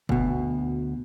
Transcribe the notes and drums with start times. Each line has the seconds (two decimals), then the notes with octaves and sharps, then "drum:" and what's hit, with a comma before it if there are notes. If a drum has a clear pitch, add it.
0.09 D2 B2, drum: kick